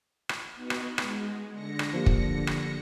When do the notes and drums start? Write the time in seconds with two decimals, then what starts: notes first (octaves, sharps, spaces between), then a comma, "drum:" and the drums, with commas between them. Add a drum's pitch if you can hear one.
0.29 drum: rim click
0.56 B3 D#4 F#4
0.70 drum: rim click
0.98 G#3, drum: rim click
1.52 D3 A#6 C#7
1.79 drum: rim click
1.93 F3 A#3 G4
2.06 drum: kick
2.47 drum: rim click